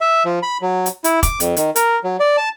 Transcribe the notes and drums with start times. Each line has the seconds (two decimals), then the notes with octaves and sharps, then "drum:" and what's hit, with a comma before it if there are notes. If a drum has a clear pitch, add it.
0.01 E5
0.25 F3
0.43 B5
0.62 F#3
0.86 drum: hi-hat
1.04 E4, drum: hi-hat
1.23 D6, drum: kick, hi-hat
1.40 F2, drum: hi-hat
1.57 D#3, drum: hi-hat
1.76 A#4, drum: hi-hat
2.04 F#3
2.20 D5
2.37 A5